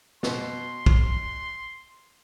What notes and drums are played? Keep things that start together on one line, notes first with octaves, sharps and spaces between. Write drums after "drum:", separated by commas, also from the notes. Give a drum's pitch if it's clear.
B2 C6, drum: snare
drum: kick